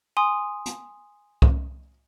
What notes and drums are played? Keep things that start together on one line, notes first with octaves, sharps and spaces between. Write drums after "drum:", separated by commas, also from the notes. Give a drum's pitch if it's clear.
G#5 C6 D#6
drum: hi-hat
drum: kick C2